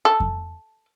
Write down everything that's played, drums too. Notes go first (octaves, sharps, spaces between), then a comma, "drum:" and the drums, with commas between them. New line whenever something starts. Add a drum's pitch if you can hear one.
A4
drum: kick F2